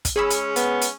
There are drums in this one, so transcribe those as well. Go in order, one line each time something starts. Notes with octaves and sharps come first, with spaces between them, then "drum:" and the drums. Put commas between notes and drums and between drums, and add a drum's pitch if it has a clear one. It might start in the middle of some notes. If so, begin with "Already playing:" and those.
drum: kick, hi-hat
G#3 C#4 G#4 B5 E6
drum: hi-hat
B3, drum: hi-hat
drum: hi-hat